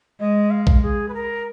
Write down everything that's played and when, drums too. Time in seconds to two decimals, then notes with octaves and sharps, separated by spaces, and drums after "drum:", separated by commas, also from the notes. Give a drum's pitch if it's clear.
0.20 G#3 D#5
0.50 F5
0.67 drum: kick A#1
0.83 G#4
1.08 B4
1.14 A#4